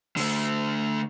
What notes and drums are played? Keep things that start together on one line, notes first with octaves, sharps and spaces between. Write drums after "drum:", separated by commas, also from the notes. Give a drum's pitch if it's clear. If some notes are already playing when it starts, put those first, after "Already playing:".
D3 A3, drum: open hi-hat